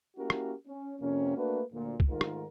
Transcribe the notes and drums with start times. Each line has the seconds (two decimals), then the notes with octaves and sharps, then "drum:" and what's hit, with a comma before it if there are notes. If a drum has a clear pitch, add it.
0.17 A#3 C#4 E4 F#4 G4 A#4
0.30 drum: rim click
0.67 C#4
1.00 F2 C3 A#3 C#4
1.36 A3 A#3 D4 F#4 B4
1.73 D2 A#2
2.00 drum: kick
2.09 G#2 D#3 A3 F4 A#4
2.21 drum: rim click